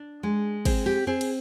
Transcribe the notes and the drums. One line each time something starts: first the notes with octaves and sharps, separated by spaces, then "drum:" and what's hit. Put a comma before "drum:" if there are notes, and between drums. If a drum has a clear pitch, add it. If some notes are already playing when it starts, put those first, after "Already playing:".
Already playing: D4
G#3
C4 G#4, drum: kick, cymbal
G4
C4 G#4
drum: cymbal